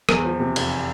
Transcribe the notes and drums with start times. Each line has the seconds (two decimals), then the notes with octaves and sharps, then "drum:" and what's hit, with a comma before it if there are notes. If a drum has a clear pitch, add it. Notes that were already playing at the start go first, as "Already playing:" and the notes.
0.09 E2, drum: rim click
0.24 F3
0.40 C3
0.56 F1, drum: cymbal